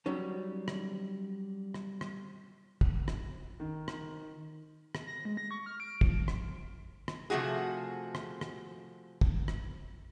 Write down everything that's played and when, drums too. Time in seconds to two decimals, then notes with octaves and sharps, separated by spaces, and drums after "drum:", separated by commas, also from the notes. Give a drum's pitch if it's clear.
0.06 F#3 G3 C#4 D#4
0.68 drum: rim click
1.74 drum: rim click
2.01 drum: rim click
2.81 drum: kick
3.08 drum: rim click
3.60 D#3
3.88 drum: rim click
4.95 drum: rim click
5.07 A#6
5.25 G#3
5.37 A#6
5.51 C#6
5.66 F6
5.80 D7
6.01 F3, drum: kick
6.28 drum: rim click
7.08 drum: rim click
7.30 C3 F3 A3 F#4 G#4
8.15 drum: rim click
8.41 drum: rim click
9.21 drum: kick
9.48 drum: rim click